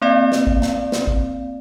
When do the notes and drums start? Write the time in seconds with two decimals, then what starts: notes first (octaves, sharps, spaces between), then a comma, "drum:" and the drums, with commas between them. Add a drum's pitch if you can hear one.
0.02 A#3 C4 D5 F5
0.32 drum: snare
0.47 drum: kick
0.62 drum: snare
0.92 drum: snare
1.07 drum: kick